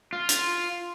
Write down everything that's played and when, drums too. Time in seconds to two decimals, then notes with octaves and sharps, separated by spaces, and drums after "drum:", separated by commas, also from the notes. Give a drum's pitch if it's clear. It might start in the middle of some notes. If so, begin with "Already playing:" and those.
0.13 F4
0.29 drum: hi-hat